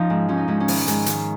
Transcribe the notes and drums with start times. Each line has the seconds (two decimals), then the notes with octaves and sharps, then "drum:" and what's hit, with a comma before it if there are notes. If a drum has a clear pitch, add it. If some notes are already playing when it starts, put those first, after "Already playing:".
Already playing: F3 C#4 D#4 F4
0.10 G#2
0.28 F3 C#4
0.38 D#4
0.48 G#2 C#4
0.60 C#4
0.68 D#3 B3, drum: open hi-hat
0.88 G#2, drum: hi-hat
1.06 D#3, drum: hi-hat